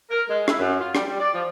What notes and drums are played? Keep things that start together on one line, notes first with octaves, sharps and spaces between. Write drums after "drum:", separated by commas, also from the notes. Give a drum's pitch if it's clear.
A#4
G#3
E4, drum: rim click
F#2
F4
G3, drum: rim click
G3
D5
F3